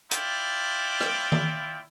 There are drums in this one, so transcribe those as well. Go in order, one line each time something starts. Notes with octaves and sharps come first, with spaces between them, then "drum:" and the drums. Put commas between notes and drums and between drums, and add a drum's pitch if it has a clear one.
E4 F4 D5 G5, drum: hi-hat
drum: rim click
drum: tom D#3